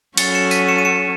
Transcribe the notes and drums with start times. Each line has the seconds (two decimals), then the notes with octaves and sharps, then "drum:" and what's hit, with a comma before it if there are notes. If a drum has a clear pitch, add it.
0.17 F#3 C#4 F#4 A4 A6 C#7, drum: cymbal
0.35 C#7 E7
0.51 B6 D#7, drum: tambourine
0.69 C#7 E7
0.78 D#7
0.85 C#7 E7